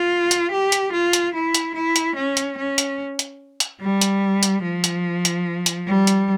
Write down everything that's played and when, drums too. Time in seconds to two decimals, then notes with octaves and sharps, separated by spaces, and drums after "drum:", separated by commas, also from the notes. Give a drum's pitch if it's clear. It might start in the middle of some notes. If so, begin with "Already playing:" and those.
Already playing: F4
0.31 drum: hi-hat
0.52 G4
0.72 drum: hi-hat
0.93 F4
1.13 drum: hi-hat
1.34 E4
1.54 drum: hi-hat
1.75 E4
1.96 drum: hi-hat
2.16 C#4
2.37 drum: hi-hat
2.58 C#4
2.78 drum: hi-hat
3.19 drum: hi-hat
3.60 drum: hi-hat
3.81 G3
4.01 drum: hi-hat
4.43 drum: hi-hat
4.63 F3
4.84 drum: hi-hat
5.25 drum: hi-hat
5.66 drum: hi-hat
5.87 G3
6.07 drum: hi-hat